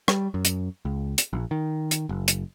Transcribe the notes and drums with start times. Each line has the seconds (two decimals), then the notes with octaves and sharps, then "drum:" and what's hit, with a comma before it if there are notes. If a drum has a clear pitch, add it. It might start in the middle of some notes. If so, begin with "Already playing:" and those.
0.08 G3, drum: rim click
0.34 F#2
0.45 drum: hi-hat
0.85 C#2
1.18 drum: hi-hat
1.33 A#1
1.51 D#3
1.91 drum: hi-hat
2.09 F#1
2.28 drum: hi-hat